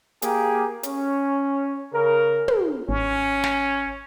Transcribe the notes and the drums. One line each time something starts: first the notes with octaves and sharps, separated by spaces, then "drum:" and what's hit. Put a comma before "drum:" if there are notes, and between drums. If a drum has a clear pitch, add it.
A#3 G4 G#4, drum: hi-hat
C#4, drum: hi-hat
C#3 A#4
drum: tom
G#1 C#4
drum: snare